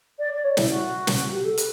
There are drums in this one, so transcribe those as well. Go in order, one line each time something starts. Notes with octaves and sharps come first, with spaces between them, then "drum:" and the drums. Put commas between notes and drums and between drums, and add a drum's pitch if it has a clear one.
D5
D5
C#5
E4, drum: snare
F#4
drum: snare
G4
A4
B4, drum: hi-hat